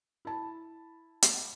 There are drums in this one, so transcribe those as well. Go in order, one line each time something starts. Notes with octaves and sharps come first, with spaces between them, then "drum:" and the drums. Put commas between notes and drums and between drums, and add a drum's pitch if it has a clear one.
E4 A5
drum: hi-hat